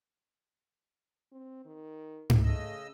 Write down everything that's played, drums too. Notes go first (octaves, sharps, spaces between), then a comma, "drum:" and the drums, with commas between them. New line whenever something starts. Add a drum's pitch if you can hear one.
C4
D#3
drum: tom G#2
C#3 A3 D#5 E6